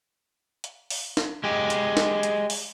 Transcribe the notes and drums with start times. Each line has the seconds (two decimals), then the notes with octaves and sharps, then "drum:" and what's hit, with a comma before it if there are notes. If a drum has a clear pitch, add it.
0.64 drum: hi-hat
0.90 drum: open hi-hat
1.17 drum: snare
1.44 G#3 G4
1.70 drum: hi-hat
1.97 drum: snare
2.23 drum: hi-hat
2.50 drum: open hi-hat